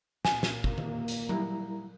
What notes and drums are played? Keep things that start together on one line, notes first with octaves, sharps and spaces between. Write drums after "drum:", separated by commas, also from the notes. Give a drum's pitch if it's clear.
A#2 A#3 G#5, drum: snare
drum: snare
drum: kick
drum: tom D#3
drum: hi-hat
G3 E4 A#5, drum: tom F#3